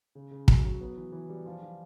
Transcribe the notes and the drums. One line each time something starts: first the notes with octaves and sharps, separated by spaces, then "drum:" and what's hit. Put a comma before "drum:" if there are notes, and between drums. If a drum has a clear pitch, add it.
C#3
C#3
F#3, drum: kick
F#3
B3
E3
E3
G3
F3
F3